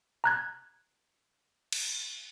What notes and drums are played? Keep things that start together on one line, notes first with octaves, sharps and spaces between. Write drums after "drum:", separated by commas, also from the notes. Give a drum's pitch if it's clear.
A#5 F#6 G#6
drum: cymbal